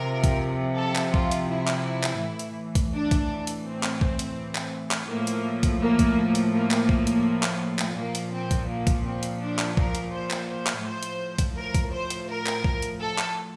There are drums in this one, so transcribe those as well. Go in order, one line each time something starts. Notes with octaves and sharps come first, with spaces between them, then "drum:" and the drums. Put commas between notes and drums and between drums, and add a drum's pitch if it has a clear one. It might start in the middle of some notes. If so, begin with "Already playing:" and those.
Already playing: C3 F3 A#4
drum: kick, hi-hat
A4
drum: clap
F4, drum: kick
drum: hi-hat
E4
drum: clap
drum: clap
A2 E3
drum: hi-hat
drum: kick, hi-hat
D4
drum: kick, hi-hat
drum: hi-hat
C4
drum: clap
drum: kick
drum: hi-hat
drum: clap
drum: clap
A2 F3 A#3
drum: hi-hat
drum: kick, hi-hat
A#3
drum: kick, hi-hat
drum: hi-hat
A#3
drum: clap
drum: kick
drum: hi-hat
drum: clap
drum: clap
A#2 F3 A#3
drum: hi-hat
C4
drum: kick, hi-hat
A#3
drum: kick, hi-hat
C4
drum: hi-hat
D4
drum: clap
A#4, drum: kick
drum: hi-hat
C5
drum: clap
C5
drum: clap
A2 F3 C5
drum: hi-hat
drum: kick, hi-hat
A#4
drum: kick, hi-hat
C5
drum: hi-hat
A#4
drum: clap
drum: kick
drum: hi-hat
A4
drum: clap